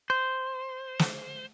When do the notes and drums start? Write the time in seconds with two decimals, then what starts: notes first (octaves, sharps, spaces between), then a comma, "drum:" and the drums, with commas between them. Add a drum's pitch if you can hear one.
0.10 C5
0.99 drum: snare